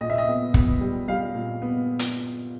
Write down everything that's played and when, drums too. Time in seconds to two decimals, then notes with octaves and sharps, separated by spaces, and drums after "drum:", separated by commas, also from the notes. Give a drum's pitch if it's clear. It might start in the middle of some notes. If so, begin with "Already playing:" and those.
0.01 A#2 D#5
0.10 E5
0.18 D#5
0.27 B3
0.54 B3, drum: kick
0.81 G3
1.08 G3 F5
1.35 A#2
1.62 B3
1.99 drum: hi-hat